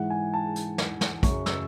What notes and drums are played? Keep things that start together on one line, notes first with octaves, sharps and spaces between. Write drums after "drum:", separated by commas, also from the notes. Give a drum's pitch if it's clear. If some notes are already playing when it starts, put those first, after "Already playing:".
Already playing: G#2 E3 G#3 F#5
G#5
A5
drum: hi-hat
drum: snare
drum: snare
F#2 C#3 F#3 C#6, drum: kick, hi-hat
E6, drum: snare